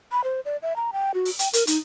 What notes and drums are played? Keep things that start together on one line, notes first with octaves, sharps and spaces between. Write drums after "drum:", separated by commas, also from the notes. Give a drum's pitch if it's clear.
B5
C5
D5
E5
A#5
G5
F#4
drum: open hi-hat
G5, drum: hi-hat
A#4, drum: hi-hat
D#4, drum: hi-hat